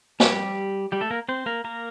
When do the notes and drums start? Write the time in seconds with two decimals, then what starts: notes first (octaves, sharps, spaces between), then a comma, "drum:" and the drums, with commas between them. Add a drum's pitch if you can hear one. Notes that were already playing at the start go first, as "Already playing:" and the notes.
0.20 G3 G4, drum: snare
0.92 G3 G4
1.01 A3 A4
1.11 A#3 A#4
1.29 C4 C5
1.46 A#3 A#4
1.64 A#3 A#4